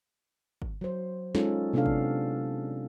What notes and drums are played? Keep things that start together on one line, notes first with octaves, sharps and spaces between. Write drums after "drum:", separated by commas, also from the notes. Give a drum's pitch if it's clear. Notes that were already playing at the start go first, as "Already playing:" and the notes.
drum: kick G1
F#3 C5
G#3 C#4 D#4 F4 G#4 A4, drum: snare
C3 B3 C4 D4 A4 F5
drum: kick G1